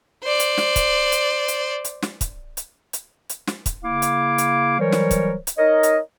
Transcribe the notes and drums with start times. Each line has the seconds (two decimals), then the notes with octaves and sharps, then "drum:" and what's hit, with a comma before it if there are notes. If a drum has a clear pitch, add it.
0.23 C5 D5
0.39 drum: hi-hat
0.58 drum: snare
0.76 drum: kick, hi-hat
1.12 drum: hi-hat
1.48 drum: hi-hat
1.84 drum: hi-hat
2.03 drum: snare
2.21 drum: kick, hi-hat
2.57 drum: hi-hat
2.93 drum: hi-hat
3.29 drum: hi-hat
3.48 drum: snare
3.66 drum: kick, hi-hat
3.84 C#3 A#3 E4 F5 D6
4.02 drum: hi-hat
4.38 drum: hi-hat
4.79 E3 F#3 G3 A#4 C5 C#5
4.93 drum: snare
5.11 drum: kick, hi-hat
5.47 drum: hi-hat
5.58 D#4 A#4 C#5 D#5
5.83 drum: hi-hat